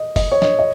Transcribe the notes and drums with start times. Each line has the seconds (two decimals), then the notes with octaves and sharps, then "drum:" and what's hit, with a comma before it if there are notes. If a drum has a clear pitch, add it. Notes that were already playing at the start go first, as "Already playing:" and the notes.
Already playing: D#5
0.16 D#5, drum: kick, open hi-hat
0.31 C#5
0.42 D#5, drum: snare
0.59 D#5